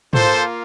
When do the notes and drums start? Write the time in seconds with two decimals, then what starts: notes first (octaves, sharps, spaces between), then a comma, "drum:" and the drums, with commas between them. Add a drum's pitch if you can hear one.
0.13 A#3 F4 A4 C5, drum: tom G#2